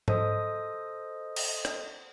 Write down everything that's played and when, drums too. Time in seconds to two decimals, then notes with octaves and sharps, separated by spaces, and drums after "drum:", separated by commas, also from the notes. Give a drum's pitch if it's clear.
0.08 A4 C5 D#5 D#6, drum: tom G#2
1.36 drum: cymbal
1.65 drum: rim click